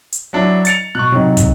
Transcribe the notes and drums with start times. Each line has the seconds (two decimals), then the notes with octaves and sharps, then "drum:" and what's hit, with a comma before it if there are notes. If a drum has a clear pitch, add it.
0.12 drum: hi-hat
0.33 F#3 D4 E4
0.65 A6 C#7 F7, drum: hi-hat
0.95 B2 C#6 F#6
1.12 C3 F#3 D#4
1.37 drum: kick, hi-hat